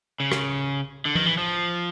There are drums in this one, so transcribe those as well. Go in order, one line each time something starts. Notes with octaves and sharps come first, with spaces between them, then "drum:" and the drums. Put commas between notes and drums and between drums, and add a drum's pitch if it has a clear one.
C#3
drum: rim click
D3
D#3, drum: tom F3
E3
F3